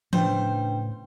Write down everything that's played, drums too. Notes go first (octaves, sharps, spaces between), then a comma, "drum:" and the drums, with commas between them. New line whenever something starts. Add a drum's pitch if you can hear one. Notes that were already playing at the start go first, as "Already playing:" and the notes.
A2 C#3 D4 B4 C5 G5, drum: tom E3